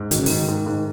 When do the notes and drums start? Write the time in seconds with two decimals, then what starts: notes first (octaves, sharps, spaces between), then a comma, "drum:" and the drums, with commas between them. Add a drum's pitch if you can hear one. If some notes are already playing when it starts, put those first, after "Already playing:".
Already playing: G#2
0.11 D#3 F#3, drum: hi-hat
0.18 C#3
0.26 G#2 D#3, drum: open hi-hat
0.48 G#2
0.66 G#2